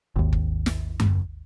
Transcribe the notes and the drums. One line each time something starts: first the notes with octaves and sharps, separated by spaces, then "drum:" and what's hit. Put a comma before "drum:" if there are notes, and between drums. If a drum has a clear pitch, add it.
G#1 D#2
drum: kick
drum: snare
drum: tom F#2